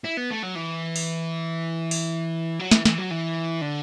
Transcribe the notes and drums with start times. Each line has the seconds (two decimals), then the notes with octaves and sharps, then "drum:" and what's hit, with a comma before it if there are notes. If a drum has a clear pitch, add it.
0.04 E4
0.17 B3
0.30 A3
0.43 F#3
0.55 E3
0.96 drum: open hi-hat
1.91 drum: open hi-hat
2.60 F#3
2.71 E3, drum: snare
2.85 E3, drum: snare
2.98 F#3
3.11 E3
3.61 D3